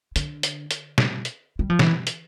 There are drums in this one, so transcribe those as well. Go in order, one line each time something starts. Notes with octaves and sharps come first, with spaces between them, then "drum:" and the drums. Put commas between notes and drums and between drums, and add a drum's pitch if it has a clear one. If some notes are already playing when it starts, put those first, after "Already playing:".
D3, drum: hi-hat
drum: hi-hat
drum: hi-hat
drum: snare
drum: hi-hat
G3
F3
E3, drum: snare
drum: hi-hat